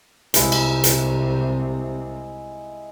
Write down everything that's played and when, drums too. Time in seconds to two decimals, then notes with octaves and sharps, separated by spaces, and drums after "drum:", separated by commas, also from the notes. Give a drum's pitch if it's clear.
0.34 C2 C3 G#3 E4, drum: hi-hat
0.52 drum: cymbal
0.84 drum: hi-hat